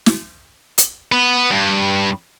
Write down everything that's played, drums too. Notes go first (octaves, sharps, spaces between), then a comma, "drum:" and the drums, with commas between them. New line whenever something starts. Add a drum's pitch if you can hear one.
drum: snare
drum: hi-hat
B3
G2